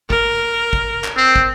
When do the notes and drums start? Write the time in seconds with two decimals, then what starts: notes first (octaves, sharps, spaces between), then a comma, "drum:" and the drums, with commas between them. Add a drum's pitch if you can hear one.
0.10 A#4, drum: kick
0.73 drum: kick
1.04 drum: clap
1.17 C4
1.36 drum: kick